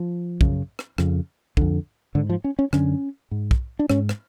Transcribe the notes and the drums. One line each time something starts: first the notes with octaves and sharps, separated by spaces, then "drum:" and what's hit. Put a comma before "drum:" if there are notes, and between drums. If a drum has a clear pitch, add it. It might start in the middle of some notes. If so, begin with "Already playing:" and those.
Already playing: F3
F#2 C#3, drum: kick
drum: rim click
F2 C#3, drum: rim click
F2 D3, drum: kick
G#2 D3
F3
C#4
C#4
F#2 D3 C#4, drum: rim click
G#2
drum: kick
D4
G#2 C#4, drum: rim click
drum: rim click